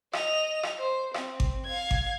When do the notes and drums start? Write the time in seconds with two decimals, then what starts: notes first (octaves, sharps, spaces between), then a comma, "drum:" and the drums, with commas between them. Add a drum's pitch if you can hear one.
0.13 D#5 F7, drum: rim click
0.63 drum: rim click
0.79 C5
1.14 C4, drum: rim click
1.40 drum: kick G#1
1.65 F5 G#6
1.91 drum: kick G#1